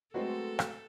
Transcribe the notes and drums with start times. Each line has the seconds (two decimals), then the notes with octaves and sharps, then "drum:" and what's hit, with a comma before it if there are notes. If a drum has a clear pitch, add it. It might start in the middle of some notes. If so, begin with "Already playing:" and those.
0.14 F#3 G#3 A3 B3 C4 F#4 A4
0.59 drum: rim click